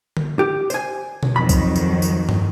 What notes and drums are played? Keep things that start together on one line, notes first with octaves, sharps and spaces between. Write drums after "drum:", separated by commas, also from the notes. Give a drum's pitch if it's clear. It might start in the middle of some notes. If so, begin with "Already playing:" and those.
drum: tom D3
G4
C5 G#5, drum: tambourine
drum: tom B2
F2 D#3 F#3 B5
drum: kick, tambourine
drum: tambourine
drum: tambourine
drum: tom